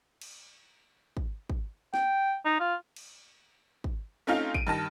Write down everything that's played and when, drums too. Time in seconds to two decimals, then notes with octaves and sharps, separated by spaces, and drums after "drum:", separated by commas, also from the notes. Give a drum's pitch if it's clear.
0.21 drum: cymbal
1.17 drum: kick
1.50 drum: kick
1.94 G5, drum: snare
2.45 D#4
2.60 F4
2.96 drum: cymbal
3.84 drum: kick
4.27 A3 C4 C#4 D#4 F4 F5
4.54 D7 D#7, drum: kick
4.67 G2 D#3 A5 A#6